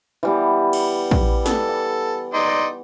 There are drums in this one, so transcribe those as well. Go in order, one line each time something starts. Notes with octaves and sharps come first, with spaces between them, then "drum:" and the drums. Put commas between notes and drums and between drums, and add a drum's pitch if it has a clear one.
E3 G3 B3
drum: cymbal
drum: kick
A4, drum: snare
F#5
D#4 D5 C6